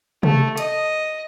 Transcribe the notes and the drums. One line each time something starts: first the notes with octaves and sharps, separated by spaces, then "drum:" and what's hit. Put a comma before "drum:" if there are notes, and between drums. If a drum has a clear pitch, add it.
A3, drum: tom C3
D#5, drum: hi-hat